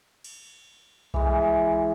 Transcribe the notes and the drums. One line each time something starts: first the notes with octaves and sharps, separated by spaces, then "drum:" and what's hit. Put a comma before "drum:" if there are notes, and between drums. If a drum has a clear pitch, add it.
drum: cymbal
E3 G#3, drum: kick B1